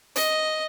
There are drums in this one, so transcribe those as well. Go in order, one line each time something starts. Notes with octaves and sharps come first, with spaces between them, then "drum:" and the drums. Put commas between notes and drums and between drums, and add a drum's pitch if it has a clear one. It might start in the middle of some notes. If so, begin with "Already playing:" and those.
D#5, drum: hi-hat